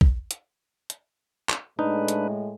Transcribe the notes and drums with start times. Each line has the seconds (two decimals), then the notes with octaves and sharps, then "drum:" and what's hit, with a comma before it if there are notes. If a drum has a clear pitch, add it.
0.01 drum: kick
0.31 drum: hi-hat
0.90 drum: hi-hat
1.49 drum: clap
1.79 A2 G#3 D4 D#4 B4
2.08 drum: hi-hat